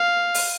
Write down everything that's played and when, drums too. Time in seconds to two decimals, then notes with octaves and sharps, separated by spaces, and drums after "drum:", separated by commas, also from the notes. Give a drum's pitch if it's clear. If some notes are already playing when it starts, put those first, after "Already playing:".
Already playing: F5
0.34 drum: open hi-hat